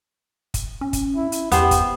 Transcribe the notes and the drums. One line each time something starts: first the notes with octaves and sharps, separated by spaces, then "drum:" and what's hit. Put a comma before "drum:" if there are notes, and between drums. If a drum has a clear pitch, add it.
drum: kick, hi-hat
C#4
drum: kick, hi-hat
E4
drum: hi-hat
E2 B3 G4 C5, drum: hi-hat
drum: kick, hi-hat